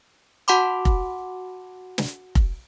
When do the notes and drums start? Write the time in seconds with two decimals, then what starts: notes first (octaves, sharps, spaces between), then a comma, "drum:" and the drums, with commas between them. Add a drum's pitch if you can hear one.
0.48 F#4 F#5 A5 B5 C6 D6
0.85 drum: kick F1
1.98 drum: snare
2.35 drum: kick F1